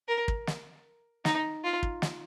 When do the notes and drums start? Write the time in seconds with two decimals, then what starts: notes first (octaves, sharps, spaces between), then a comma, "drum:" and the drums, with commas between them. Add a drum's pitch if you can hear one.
0.08 A#4
0.28 drum: kick
0.47 drum: snare
1.25 D#4, drum: snare
1.64 F4
1.83 drum: kick
2.02 drum: snare